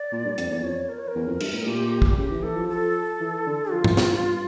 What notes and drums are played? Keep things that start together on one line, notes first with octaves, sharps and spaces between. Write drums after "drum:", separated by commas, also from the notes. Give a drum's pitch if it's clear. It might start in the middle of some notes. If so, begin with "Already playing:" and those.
Already playing: D5
A#2
G2
F2, drum: hi-hat
E2
F2 C#5
A#4
C#5
A#4
E2
F2
G2, drum: cymbal
A2
A#2 G4
drum: kick
A#2
C#3 G4
E3
E3 A4
F3
A4
E3
D3
F3 F4
E3, drum: tom G2
E3, drum: snare
G2